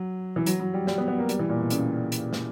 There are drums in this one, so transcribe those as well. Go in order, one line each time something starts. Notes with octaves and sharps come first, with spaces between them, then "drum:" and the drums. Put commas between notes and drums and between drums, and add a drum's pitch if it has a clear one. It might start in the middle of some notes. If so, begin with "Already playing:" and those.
Already playing: F#3
E3
F#3, drum: hi-hat
F#3
G3
G3, drum: snare
B3
B3
A#3
G3, drum: hi-hat
E3
A#2
B2
C#3, drum: hi-hat
drum: hi-hat
drum: snare